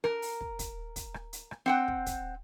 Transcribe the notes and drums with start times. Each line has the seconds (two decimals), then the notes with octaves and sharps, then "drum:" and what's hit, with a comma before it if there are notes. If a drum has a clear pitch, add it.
0.04 A#4, drum: rim click
0.22 drum: open hi-hat
0.41 drum: kick
0.59 drum: kick, hi-hat
0.96 drum: kick, hi-hat
1.14 drum: rim click
1.33 drum: hi-hat
1.51 drum: rim click
1.66 C4 F#5 G5
1.88 drum: kick
2.06 drum: kick, hi-hat